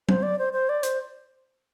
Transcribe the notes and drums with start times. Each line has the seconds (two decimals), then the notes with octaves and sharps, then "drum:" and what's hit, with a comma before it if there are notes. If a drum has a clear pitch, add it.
0.09 C5, drum: tom F#3
0.23 D5
0.39 C5
0.53 C5
0.69 D5
0.83 C5, drum: hi-hat